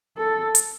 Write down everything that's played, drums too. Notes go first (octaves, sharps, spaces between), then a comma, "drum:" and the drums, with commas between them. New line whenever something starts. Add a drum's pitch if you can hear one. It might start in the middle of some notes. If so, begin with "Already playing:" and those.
A4
drum: hi-hat